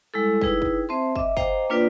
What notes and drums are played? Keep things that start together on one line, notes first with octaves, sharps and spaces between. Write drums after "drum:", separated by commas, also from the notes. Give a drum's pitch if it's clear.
G3 G#3 E4 A4
D#4 E4 G#4 B4 G5, drum: kick
drum: kick
C4 C5 E5 A5 C6
D#5 E5 D6, drum: kick
C5 D#5 F5 G5 A#5 D6, drum: kick
A#3 D4 F4 B4 D5 G5